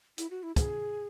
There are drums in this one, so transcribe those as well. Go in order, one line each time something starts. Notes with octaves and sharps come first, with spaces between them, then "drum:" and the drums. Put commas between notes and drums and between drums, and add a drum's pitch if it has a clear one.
E4, drum: hi-hat
F#4
E4
G#4, drum: kick, hi-hat